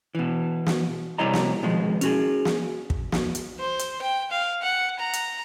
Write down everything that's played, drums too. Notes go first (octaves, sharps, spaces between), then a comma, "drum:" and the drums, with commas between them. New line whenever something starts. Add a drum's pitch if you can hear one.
B2 E3
drum: snare
C3 G3 E4 C#5 D#5 A#5
drum: snare
B2 D#3 F3 G#3
C#4 F#4 G#4, drum: hi-hat
drum: snare
drum: kick
drum: snare
drum: hi-hat
C5
drum: hi-hat
G5
F5
F#5
A#5
drum: hi-hat